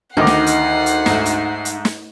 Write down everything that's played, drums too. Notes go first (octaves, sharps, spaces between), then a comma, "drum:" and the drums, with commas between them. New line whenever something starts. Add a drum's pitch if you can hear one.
D2 D#3 D#4 D#5 F#5 D6 C7
drum: snare
drum: hi-hat
drum: hi-hat
G#2 A3, drum: snare
drum: hi-hat
drum: hi-hat
drum: snare